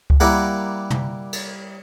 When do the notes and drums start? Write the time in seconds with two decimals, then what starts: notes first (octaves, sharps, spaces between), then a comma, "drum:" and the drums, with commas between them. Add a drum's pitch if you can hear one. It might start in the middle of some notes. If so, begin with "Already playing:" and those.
0.10 drum: kick C#2
0.20 G3 A#3 E4 A#4 F#5
0.90 drum: tom
1.33 drum: cymbal